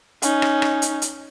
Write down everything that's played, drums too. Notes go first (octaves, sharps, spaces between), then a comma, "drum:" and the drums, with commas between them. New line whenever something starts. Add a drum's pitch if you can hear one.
C#4 D#4, drum: hi-hat
drum: rim click
drum: rim click
drum: hi-hat
drum: hi-hat